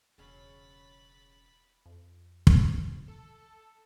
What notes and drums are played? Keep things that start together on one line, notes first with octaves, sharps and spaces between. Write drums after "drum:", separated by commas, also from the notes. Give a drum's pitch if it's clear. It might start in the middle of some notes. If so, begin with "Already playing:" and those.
E1 C#3 F#3 C#4 B5 A6
F2
drum: kick
F3
A4